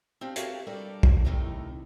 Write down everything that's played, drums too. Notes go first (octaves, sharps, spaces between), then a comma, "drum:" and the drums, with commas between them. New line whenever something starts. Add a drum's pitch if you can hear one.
C4 D4 G4 F5
F#4 G4 A4 A#4 E5 F5, drum: hi-hat
G3 D4 A4 A#4 D5
drum: kick
A2 C3 D#3 A3 D#4